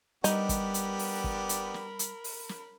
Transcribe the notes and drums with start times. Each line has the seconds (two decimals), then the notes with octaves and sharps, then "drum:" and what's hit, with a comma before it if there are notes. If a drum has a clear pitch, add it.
0.24 G3 B3 D4 D#4 G4 A#4 B5, drum: hi-hat
0.49 drum: kick, hi-hat
0.74 drum: hi-hat
0.99 drum: open hi-hat
1.24 drum: kick
1.49 drum: hi-hat
1.74 drum: snare
1.99 drum: hi-hat
2.24 drum: open hi-hat
2.49 drum: snare